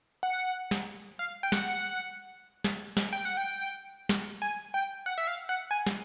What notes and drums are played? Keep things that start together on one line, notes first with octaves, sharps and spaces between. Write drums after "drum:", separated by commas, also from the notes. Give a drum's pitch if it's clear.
F#5
drum: snare
F5
G5
F#5, drum: snare
drum: snare
drum: snare
G5
F#5
G5
drum: snare
G#5
G5
F#5
E5
F5
F#5
G#5
drum: snare